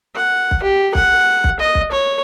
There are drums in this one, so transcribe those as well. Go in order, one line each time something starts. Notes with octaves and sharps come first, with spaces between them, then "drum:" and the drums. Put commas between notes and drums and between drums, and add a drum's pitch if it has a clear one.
F#5
drum: kick B1
G4
F#5, drum: kick B1
drum: kick B1
D#5
drum: kick B1
C#5